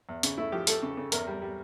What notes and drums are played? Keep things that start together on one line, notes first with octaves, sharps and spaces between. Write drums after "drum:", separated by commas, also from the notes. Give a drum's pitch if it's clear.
E2
C#3, drum: hi-hat
A3 E4
F3 G4
A3 A4, drum: hi-hat
C#3
C#3
E2 A#4, drum: hi-hat
G3
G3